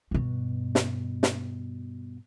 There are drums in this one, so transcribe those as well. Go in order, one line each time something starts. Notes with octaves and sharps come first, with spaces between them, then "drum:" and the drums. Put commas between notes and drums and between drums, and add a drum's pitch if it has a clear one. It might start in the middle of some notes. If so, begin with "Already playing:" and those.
G2 B2
drum: snare
drum: snare